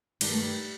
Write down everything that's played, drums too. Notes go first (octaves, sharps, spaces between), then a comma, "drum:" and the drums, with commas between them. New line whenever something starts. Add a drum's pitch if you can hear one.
G2 D#3 G3, drum: cymbal
A3
G3